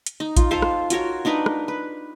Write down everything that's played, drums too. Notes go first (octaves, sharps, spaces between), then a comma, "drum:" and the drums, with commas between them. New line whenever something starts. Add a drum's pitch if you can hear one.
drum: hi-hat
D#4
F4, drum: kick A1, hi-hat
F4 A4 C5 F5
drum: rim click
F4 F#4 A#4 C#5, drum: hi-hat
D4 D#4 A#4 B4
drum: rim click
B4